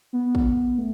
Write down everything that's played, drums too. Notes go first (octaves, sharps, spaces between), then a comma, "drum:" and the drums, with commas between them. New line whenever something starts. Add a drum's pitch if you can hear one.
B3
drum: kick
A3